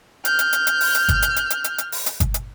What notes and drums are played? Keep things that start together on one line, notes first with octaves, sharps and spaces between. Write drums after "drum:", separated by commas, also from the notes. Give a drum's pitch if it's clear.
F6 G6, drum: hi-hat
drum: hi-hat
drum: hi-hat
drum: hi-hat
drum: open hi-hat
drum: hi-hat
drum: kick G1, hi-hat
drum: hi-hat
drum: hi-hat
drum: hi-hat
drum: hi-hat
drum: hi-hat
drum: open hi-hat
drum: hi-hat
drum: kick G1, hi-hat
drum: hi-hat